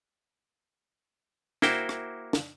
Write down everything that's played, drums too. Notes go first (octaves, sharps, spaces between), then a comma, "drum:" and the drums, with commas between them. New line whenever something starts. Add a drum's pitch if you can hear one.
A#3 E4 F#4 C5 G5, drum: snare
drum: rim click
drum: snare